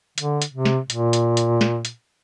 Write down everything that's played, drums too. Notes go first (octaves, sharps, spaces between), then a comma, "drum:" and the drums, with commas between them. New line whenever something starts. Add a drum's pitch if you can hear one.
D3, drum: hi-hat
drum: hi-hat
C3
drum: snare
A#2, drum: hi-hat
drum: hi-hat
drum: hi-hat
drum: snare
drum: hi-hat